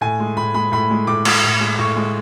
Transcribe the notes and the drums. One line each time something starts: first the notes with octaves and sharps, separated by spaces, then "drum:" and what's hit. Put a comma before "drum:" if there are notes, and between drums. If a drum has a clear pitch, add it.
A2 G#5
G#3
A2 B5
G#3 B5
A2 B5
G#3
A2 D6
G#3, drum: cymbal
A2
G#3
A2 C#6
G#3